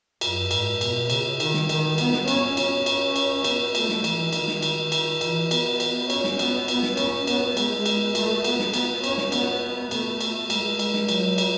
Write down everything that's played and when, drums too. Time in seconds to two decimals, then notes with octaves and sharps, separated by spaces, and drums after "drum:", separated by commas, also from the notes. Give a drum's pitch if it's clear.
0.21 F#2, drum: cymbal
0.51 G#2, drum: cymbal
0.81 B2, drum: cymbal
1.10 C#3, drum: cymbal
1.40 D#3, drum: cymbal
1.54 drum: snare
1.69 D#3, drum: cymbal
1.98 B3, drum: cymbal
2.13 drum: snare
2.28 C#4, drum: cymbal
2.57 C#4, drum: cymbal
2.86 drum: cymbal
3.16 drum: cymbal
3.44 B3, drum: cymbal
3.75 A3, drum: cymbal
3.89 drum: snare
4.04 E3, drum: cymbal
4.33 D#3, drum: cymbal
4.48 drum: snare
4.62 drum: cymbal
4.92 drum: cymbal
5.21 E3, drum: cymbal
5.51 B3, drum: cymbal
5.80 drum: cymbal
6.10 C#4, drum: cymbal
6.24 drum: snare
6.39 B3, drum: cymbal
6.68 B3, drum: cymbal
6.83 drum: snare
6.97 C#4, drum: cymbal
7.27 B3, drum: cymbal
7.57 G#3, drum: cymbal
7.86 drum: cymbal
8.15 A3, drum: cymbal
8.44 B3, drum: cymbal
8.59 drum: snare
8.73 B3, drum: cymbal
9.04 C#4, drum: cymbal
9.18 drum: snare
9.32 B3, drum: cymbal
9.91 A3, drum: cymbal
10.21 drum: cymbal
10.50 G#3, drum: cymbal
10.79 drum: cymbal
10.94 drum: snare
11.08 F#3, drum: cymbal
11.38 drum: cymbal